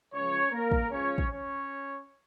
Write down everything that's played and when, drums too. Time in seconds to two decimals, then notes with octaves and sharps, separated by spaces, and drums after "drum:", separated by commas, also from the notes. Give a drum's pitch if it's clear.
0.13 C#2 C#3 F3 C#4 C#5
0.52 A#3 A#4
0.71 drum: kick
0.91 C#2 C#3 F3 C#4 C#5
1.18 drum: kick
1.30 C#4 C#5